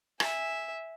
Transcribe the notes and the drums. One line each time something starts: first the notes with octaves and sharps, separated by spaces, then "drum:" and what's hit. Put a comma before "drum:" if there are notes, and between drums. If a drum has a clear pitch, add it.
E5 G#5, drum: rim click